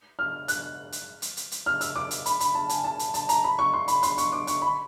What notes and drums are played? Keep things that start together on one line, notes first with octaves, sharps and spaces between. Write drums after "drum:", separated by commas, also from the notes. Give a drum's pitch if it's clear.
F6
F#6, drum: hi-hat
drum: hi-hat
drum: hi-hat
drum: hi-hat
drum: hi-hat
F6
E6, drum: hi-hat
D6
drum: hi-hat
B5, drum: hi-hat
B5, drum: hi-hat
A5
G#5, drum: hi-hat
A5
drum: hi-hat
A5, drum: hi-hat
A#5, drum: hi-hat
B5
C#6
C6
B5, drum: hi-hat
C6, drum: hi-hat
C#6, drum: hi-hat
D6
C#6, drum: hi-hat
B5